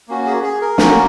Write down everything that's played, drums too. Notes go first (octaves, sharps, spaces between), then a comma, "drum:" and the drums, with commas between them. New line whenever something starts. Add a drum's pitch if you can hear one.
A#3 C#4 F#4
G#4
G#4
A#4
A#3 C#4 F#4, drum: snare